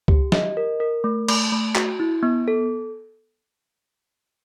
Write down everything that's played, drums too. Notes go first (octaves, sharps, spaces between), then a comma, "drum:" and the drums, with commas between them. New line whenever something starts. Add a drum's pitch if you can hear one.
G4, drum: kick C#2
D#5, drum: snare
A#4
A#4
A3
A3, drum: cymbal
A3
F#4, drum: clap
E4
B3
A4